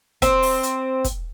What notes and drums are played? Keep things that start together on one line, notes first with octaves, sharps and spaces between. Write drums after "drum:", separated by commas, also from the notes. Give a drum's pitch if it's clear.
C4, drum: kick, hi-hat
drum: open hi-hat
drum: hi-hat
drum: kick, hi-hat